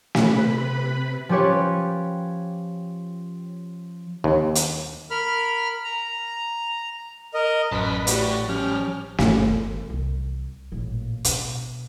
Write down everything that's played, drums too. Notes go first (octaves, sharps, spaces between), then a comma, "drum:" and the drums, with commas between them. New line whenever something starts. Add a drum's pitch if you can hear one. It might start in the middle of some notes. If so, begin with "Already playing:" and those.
C3 B4 B5, drum: snare
F3 C#4 G4 B4 C#5
D#2
drum: hi-hat
A#4 B5 F6
A#5
A#4 D#5
A1 F#2 B4 F#5 A5
A2 F#4 G4 D5, drum: hi-hat
F3 G3 C#4 F6
G1, drum: snare
E3 B3
C2
A1 A#2
B2, drum: hi-hat